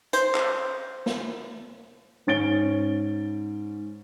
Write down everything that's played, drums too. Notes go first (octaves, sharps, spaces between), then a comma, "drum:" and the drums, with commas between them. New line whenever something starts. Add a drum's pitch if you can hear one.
C5, drum: hi-hat
drum: clap
drum: snare
G#2 C#4 A6 D7 G7